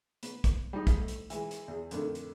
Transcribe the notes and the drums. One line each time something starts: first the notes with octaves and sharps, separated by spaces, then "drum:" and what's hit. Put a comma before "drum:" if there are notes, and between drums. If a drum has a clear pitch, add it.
B3, drum: hi-hat
drum: kick, hi-hat
G3 G#3 D#4 D#6
drum: kick, hi-hat
A2
drum: hi-hat
E3 G#3, drum: hi-hat
drum: hi-hat
E2 G#4
F2 A2 D3 D#3, drum: hi-hat
drum: hi-hat